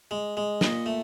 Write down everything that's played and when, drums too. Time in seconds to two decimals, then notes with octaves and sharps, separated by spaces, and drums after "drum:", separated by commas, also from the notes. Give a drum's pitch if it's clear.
0.11 G#3
0.37 G#3
0.61 A#2 D#5, drum: snare
0.86 A3